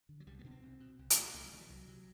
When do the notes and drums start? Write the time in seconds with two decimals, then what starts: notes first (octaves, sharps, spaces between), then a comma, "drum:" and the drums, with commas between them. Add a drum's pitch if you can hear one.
0.09 D3
0.20 F#3
0.27 C2 G3
0.39 B3
0.44 B2 D4
0.51 C4
0.63 C2
0.80 B2
0.99 C2
1.10 A3, drum: hi-hat
1.16 B2
1.34 C2 A3
1.43 F#3
1.52 B2 D3
1.60 E3
1.70 C2 F#3
1.88 C3